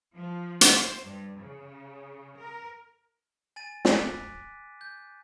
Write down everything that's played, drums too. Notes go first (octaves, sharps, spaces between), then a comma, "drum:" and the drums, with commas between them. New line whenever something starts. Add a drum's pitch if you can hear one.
F3
C5, drum: hi-hat
G2
C#3
A#4
G#5 A6 D#7
D6 F#6 A6 B6 D7, drum: snare
G6